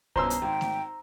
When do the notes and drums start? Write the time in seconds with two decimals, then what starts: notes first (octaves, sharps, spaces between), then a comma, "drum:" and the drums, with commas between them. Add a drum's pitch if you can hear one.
0.16 G1 B2 C#4 C5 A#5 C6 E6, drum: kick C2
0.30 drum: hi-hat
0.42 G#1 G5
0.61 drum: snare A3